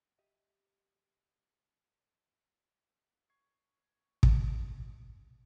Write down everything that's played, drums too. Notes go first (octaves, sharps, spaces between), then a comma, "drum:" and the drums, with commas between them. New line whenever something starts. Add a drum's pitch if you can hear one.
G4 D#5 E5
C#6 G#6 C7
drum: kick